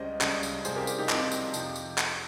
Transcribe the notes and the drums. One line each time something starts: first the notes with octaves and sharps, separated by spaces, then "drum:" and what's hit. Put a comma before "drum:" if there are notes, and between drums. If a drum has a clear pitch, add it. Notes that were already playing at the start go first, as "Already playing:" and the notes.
Already playing: C#2 C#3 G3 C5 D#5
C#2 C#3 G3, drum: clap
drum: tambourine
C2 C3 F3 G#4 C5, drum: tambourine
G4 A#4
drum: tambourine
D#4 G4
C2 C3 F3 C4 D#4, drum: clap
drum: tambourine
F2 C3 F3, drum: tambourine
drum: tambourine
drum: clap